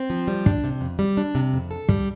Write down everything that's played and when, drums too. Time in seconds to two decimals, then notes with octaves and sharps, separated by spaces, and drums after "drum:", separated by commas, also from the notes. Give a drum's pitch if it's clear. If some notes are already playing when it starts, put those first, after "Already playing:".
Already playing: C4
0.10 F3
0.28 G3
0.46 D4, drum: kick
0.64 C3
0.81 F2
0.99 G3
1.17 D4
1.35 C3
1.53 F2
1.71 A4
1.89 G3, drum: kick